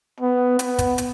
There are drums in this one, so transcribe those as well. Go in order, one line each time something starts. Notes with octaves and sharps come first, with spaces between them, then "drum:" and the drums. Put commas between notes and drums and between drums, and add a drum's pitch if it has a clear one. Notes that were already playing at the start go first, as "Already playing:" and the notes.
B3
B3, drum: hi-hat
drum: kick, hi-hat
drum: hi-hat